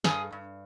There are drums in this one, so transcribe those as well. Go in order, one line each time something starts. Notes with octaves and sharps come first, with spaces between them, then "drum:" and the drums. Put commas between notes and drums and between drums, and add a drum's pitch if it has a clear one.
G2 G#4, drum: snare
G2